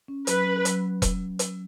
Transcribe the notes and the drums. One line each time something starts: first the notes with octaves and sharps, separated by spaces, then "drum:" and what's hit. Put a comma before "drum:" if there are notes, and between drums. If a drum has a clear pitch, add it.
C#4
F#3 B4, drum: hi-hat
C#4
F#3, drum: hi-hat
drum: kick E1, hi-hat
drum: hi-hat